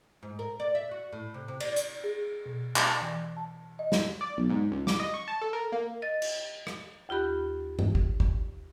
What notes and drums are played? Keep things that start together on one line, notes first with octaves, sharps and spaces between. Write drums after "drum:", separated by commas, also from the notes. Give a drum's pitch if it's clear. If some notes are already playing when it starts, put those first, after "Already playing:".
G#2
A#4
D5
E5
F#4
A2
C3
C3
D5, drum: cymbal
drum: hi-hat
G#4
B2
drum: clap
E3
A5
D#5
drum: snare
D5
B1
G#2
C#2
D6, drum: snare
D#5
C#6
A5
A4
A#4
A#3
D#5 A6
drum: cymbal
drum: rim click
D#2 F4 G4 B5 F#6
drum: tom G2
drum: kick
drum: kick